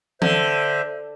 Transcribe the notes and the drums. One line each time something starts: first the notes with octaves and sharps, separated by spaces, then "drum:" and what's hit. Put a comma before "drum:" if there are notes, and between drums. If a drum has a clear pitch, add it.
D3 C5 E5, drum: tom E3